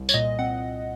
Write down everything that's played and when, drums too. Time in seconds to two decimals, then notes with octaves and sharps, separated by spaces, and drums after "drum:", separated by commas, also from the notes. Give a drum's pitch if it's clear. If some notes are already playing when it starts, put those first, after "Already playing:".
Already playing: C2
0.09 C#5, drum: tambourine
0.14 A#2 D#5
0.39 C4 F#5